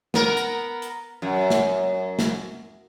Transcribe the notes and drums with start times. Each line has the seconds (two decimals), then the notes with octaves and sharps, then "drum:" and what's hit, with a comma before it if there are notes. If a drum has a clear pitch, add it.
0.14 B3 A#4, drum: snare
0.37 drum: hi-hat
0.82 drum: hi-hat
1.22 F#2
1.50 drum: snare
2.19 drum: snare